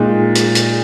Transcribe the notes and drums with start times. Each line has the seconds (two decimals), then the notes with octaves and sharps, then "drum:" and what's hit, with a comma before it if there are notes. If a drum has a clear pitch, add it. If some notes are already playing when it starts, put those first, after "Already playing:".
Already playing: A#2 G#3 D#4
0.35 drum: hi-hat
0.55 drum: hi-hat